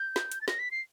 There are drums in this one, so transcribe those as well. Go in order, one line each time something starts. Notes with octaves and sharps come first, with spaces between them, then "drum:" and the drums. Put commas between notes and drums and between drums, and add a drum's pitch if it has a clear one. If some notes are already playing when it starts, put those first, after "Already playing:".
Already playing: G6
drum: snare
drum: hi-hat
A6
A#6, drum: snare
B6
C7